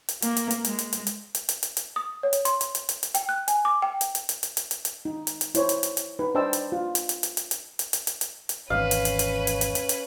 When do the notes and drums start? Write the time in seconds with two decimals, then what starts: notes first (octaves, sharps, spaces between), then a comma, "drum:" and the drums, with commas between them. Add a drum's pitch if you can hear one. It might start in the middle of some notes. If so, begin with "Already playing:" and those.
0.09 drum: hi-hat
0.22 A#3, drum: hi-hat
0.37 drum: hi-hat
0.51 drum: hi-hat
0.65 G#3, drum: hi-hat
0.79 drum: hi-hat
0.93 drum: hi-hat
1.07 drum: hi-hat
1.35 drum: hi-hat
1.49 drum: hi-hat
1.63 drum: hi-hat
1.77 drum: hi-hat
1.96 D#6
2.23 C#5
2.33 drum: hi-hat
2.45 C6, drum: hi-hat
2.61 drum: hi-hat
2.75 drum: hi-hat
2.89 drum: hi-hat
3.03 drum: hi-hat
3.15 G5, drum: hi-hat
3.29 F#6
3.48 G#5, drum: hi-hat
3.65 D6
3.82 G5
4.01 drum: hi-hat
4.15 drum: hi-hat
4.29 drum: hi-hat
4.43 drum: hi-hat
4.57 drum: hi-hat
4.71 drum: hi-hat
4.85 drum: hi-hat
5.05 D#4
5.27 drum: hi-hat
5.41 drum: hi-hat
5.55 E4 C5 C#5, drum: hi-hat
5.69 drum: hi-hat
5.83 drum: hi-hat
5.97 drum: hi-hat
6.19 D#4 B4
6.35 D4 C5 D#5 G5 A5 E6
6.53 drum: hi-hat
6.72 F4
6.95 drum: hi-hat
7.09 drum: hi-hat
7.23 drum: hi-hat
7.37 drum: hi-hat
7.51 drum: hi-hat
7.79 drum: hi-hat
7.93 drum: hi-hat
8.07 drum: hi-hat
8.21 drum: hi-hat
8.49 drum: hi-hat
8.70 G#1 E2 G#2 C#4 B4 F5
8.91 drum: hi-hat
9.05 drum: hi-hat
9.19 drum: hi-hat
9.47 drum: hi-hat
9.61 drum: hi-hat
9.75 drum: hi-hat
9.89 drum: hi-hat